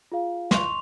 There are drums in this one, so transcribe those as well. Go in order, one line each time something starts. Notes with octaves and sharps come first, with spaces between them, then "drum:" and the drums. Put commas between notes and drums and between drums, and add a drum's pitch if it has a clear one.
F4 G#4 F5
C6 C#6 F7, drum: snare